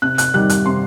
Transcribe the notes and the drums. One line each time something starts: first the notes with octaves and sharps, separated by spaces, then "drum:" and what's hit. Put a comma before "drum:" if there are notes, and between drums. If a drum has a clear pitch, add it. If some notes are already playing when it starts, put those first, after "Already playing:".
C3 F#6
F#6, drum: hi-hat
D#3 G3 F#6
F#6, drum: hi-hat
C3 C6